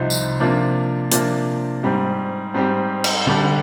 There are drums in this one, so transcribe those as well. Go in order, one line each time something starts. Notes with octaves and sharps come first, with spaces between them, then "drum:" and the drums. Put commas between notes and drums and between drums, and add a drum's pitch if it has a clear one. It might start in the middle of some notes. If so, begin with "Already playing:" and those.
Already playing: C2 C3 F3 C4 D#4
drum: tambourine
C3 F3 A#3 D4
C3 F3 A#3 D4, drum: hi-hat
G#2 G3 C4 G4
G#2 G3 C4 G4
drum: cymbal
D2 D3 G3 D4 G4